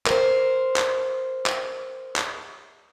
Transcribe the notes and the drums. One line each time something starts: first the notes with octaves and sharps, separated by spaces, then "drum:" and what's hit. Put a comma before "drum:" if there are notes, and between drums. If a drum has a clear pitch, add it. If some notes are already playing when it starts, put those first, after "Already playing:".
A#4 C5, drum: clap
drum: clap
drum: clap
drum: clap